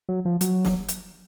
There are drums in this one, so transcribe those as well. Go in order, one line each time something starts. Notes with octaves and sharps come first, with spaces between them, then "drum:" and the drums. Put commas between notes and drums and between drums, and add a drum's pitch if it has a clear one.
F#3
F3
F#3, drum: hi-hat
drum: snare
drum: hi-hat